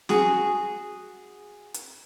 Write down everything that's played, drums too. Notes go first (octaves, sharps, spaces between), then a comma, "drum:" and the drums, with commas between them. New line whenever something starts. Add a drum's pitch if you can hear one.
F#4 G#4, drum: snare
drum: hi-hat